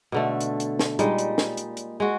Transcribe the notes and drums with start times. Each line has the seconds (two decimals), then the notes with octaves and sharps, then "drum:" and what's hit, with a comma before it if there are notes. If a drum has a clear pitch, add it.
0.12 B2 D3 A3
0.40 drum: hi-hat
0.60 drum: hi-hat
0.79 drum: snare
0.99 A#2 G3 G#3 D#4, drum: hi-hat
1.18 drum: hi-hat
1.38 drum: snare
1.57 drum: hi-hat
1.77 drum: hi-hat
2.00 G#3 F#4